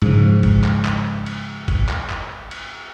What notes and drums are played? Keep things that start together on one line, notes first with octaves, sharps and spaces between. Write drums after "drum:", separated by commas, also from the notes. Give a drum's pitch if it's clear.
G#2 C#3 F3, drum: cymbal
drum: kick, cymbal
drum: clap
drum: clap
drum: cymbal
drum: kick, cymbal
drum: clap
drum: clap
drum: cymbal